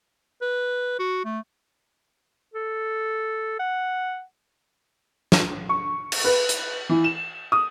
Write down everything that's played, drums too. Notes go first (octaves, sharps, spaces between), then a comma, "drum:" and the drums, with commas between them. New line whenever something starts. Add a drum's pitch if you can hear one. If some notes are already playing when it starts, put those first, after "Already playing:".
B4
F#4
A3
A4
F#5
drum: snare
C#6
drum: cymbal
B4
drum: hi-hat
E3
E7
D#6